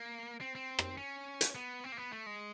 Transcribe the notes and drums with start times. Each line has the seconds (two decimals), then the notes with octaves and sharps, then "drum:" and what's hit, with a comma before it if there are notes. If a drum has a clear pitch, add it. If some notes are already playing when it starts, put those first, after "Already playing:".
Already playing: A#3
0.41 C4
0.55 C4
0.79 drum: rim click
0.98 C#4
1.41 drum: hi-hat
1.55 B3
1.84 C4
1.92 A#3
1.98 B3
2.12 A3
2.26 G#3